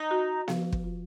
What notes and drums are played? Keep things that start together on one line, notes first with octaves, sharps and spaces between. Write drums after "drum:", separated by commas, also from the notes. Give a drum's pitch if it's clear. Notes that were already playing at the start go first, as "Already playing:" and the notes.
Already playing: D#4
F#4
F3, drum: snare B3
drum: kick
F4